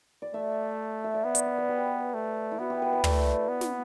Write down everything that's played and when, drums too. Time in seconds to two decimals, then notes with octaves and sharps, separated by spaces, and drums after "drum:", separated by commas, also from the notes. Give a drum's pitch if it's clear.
0.22 D5
0.34 A3 E5
1.04 E5
1.14 D5
1.24 B3 C5
1.35 D5, drum: hi-hat
1.46 D5
1.58 B4
1.69 G4
2.14 A3
2.52 E4
2.59 B3 F#4
2.70 G4
2.82 B4
2.93 B4
3.04 A3 D5, drum: tom
3.49 B3
3.61 drum: snare